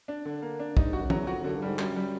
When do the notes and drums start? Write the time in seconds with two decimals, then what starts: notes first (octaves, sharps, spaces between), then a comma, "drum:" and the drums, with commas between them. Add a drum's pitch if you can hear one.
0.08 D4
0.25 D3
0.42 A#3
0.59 D4
0.77 G2 D#4, drum: kick A#1
0.84 G#2
0.93 G2 F#4
1.02 F#2
1.10 E2 F#3, drum: tom
1.27 F2 F#4
1.44 F#2 D3
1.56 G2
1.62 G#2 G3
1.79 F#2 G3, drum: clap
1.96 G3